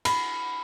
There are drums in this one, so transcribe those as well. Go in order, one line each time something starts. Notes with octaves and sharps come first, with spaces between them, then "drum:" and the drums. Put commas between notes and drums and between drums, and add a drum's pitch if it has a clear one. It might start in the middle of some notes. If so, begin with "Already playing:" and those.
B5, drum: cymbal